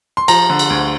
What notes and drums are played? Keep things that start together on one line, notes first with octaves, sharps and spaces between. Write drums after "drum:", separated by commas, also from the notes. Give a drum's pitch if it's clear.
C6
F3 A#5, drum: cymbal
D3
drum: cymbal
D2